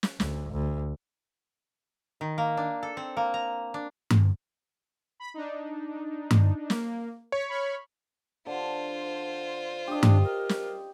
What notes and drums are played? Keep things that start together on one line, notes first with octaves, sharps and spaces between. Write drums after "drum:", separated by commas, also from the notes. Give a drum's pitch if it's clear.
drum: snare
D2, drum: snare
D2
D#3
A#3
D4
A4
C4
A#3
A#5
D4
drum: tom G2
B5
D4 D#4
drum: tom G2
A#3, drum: snare
C#5 C#6 B6
B5 C#6 F6
D3 F4 C5
D4 G4 D#5
drum: tom G2
A#4
drum: snare